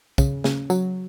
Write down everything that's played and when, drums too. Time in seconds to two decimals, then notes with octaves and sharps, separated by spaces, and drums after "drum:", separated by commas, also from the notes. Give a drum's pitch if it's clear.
0.18 C#3, drum: kick, tambourine
0.44 C#3, drum: snare
0.70 F#3, drum: tambourine